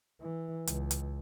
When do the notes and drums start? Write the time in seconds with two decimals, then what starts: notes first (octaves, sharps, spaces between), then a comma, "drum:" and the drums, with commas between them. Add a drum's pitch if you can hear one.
0.21 E3
0.67 C#2, drum: hi-hat
0.91 drum: hi-hat